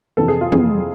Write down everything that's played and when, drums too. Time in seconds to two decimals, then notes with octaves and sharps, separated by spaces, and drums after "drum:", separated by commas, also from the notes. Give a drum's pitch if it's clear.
0.17 F2 C3 E3 A4
0.28 G#4
0.41 F4
0.52 F2 C3 E3 G#4, drum: tom